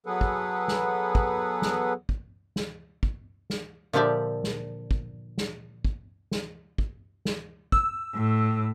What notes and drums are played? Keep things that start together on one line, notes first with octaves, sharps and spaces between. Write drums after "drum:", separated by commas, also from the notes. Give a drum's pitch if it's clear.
F#3 B3 G#4 A4 B4 F#5
drum: kick
drum: snare
drum: kick
drum: snare
drum: kick
drum: snare
drum: kick
drum: snare
A#2 D3 F3 G4 D5 E5
drum: snare
drum: kick
drum: snare
drum: kick
drum: snare
drum: kick
drum: snare
E6, drum: kick
A2